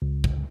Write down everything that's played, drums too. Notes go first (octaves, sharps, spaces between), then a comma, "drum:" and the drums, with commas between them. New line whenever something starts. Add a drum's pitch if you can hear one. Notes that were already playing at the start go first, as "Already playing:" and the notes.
C#2
drum: kick